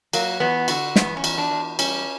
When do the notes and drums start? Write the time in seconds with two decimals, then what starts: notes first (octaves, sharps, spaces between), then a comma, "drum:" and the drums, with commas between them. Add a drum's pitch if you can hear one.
0.13 F#3 A#3, drum: cymbal
0.40 E2 B3
0.68 D3 F#4, drum: cymbal
0.96 E2 B3, drum: snare
1.17 C#4
1.24 E2, drum: cymbal
1.38 D4
1.51 E2
1.79 G3 C#4, drum: cymbal